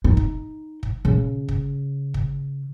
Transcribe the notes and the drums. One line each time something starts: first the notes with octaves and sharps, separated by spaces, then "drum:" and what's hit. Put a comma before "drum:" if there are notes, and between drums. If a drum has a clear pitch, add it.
D#4
drum: kick
drum: kick
C#3
drum: kick
drum: kick